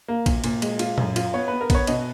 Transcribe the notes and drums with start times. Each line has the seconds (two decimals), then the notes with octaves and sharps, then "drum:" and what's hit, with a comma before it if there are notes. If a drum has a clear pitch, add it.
0.08 A#3
0.26 A#2, drum: kick, cymbal
0.44 A#2, drum: cymbal
0.62 G#3, drum: cymbal
0.79 F4, drum: cymbal
0.98 F#2, drum: tom A#2
1.16 F4, drum: cymbal
1.34 B3 C#5
1.48 B3 B4
1.61 A#4
1.70 B3 C#5, drum: kick, cymbal
1.87 B2 D#5, drum: cymbal